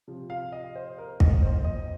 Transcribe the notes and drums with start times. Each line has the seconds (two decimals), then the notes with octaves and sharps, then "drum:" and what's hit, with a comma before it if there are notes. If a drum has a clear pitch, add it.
0.08 C3 F3
0.30 F5
0.52 D#5
0.76 C5
0.98 A#4
1.20 D#5, drum: kick
1.42 A#2 F3 C5
1.64 D#5